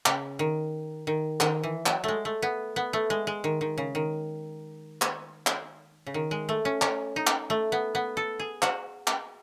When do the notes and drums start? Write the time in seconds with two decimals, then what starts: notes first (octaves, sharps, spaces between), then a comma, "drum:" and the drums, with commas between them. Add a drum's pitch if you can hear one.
0.06 C#3, drum: clap
0.39 D#3
1.07 D#3
1.40 D#3, drum: clap
1.63 E3
1.86 F#3, drum: clap
2.04 G#3 A3
2.25 A3
2.42 B3
2.76 B3
2.93 A3
3.10 G#3
3.27 G#3
3.44 D#3
3.61 D#3
3.78 C#3
3.95 D#3
5.02 drum: clap
5.47 drum: clap
6.07 C#3
6.14 D#3
6.31 G#3
6.49 A3
6.65 C#4
6.82 C#4, drum: clap
7.16 D#4
7.27 drum: clap
7.50 A3
7.72 B3
7.95 B3
8.17 A4
8.39 G#4
8.62 F#4, drum: clap
9.07 drum: clap